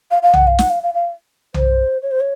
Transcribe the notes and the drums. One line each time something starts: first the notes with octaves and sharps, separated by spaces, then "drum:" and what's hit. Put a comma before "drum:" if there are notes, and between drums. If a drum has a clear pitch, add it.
F5
F5
F#5, drum: tom B1
F5
F#5, drum: snare
F5
F5
F5
C5, drum: tom B1
C#5
C5
C#5